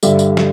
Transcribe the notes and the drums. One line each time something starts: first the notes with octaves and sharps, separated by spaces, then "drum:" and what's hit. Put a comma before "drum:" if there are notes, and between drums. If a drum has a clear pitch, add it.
G2 D3 G3 E5, drum: tambourine
drum: tambourine
D3, drum: snare